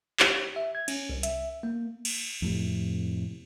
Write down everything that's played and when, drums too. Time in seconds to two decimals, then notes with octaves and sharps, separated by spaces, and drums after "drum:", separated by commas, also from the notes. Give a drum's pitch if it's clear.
0.20 G4, drum: clap
0.56 E5
0.75 G#6
0.88 C#4, drum: cymbal
1.09 C2
1.23 E5, drum: hi-hat
1.63 A#3
2.05 drum: cymbal
2.42 F2 A2 C3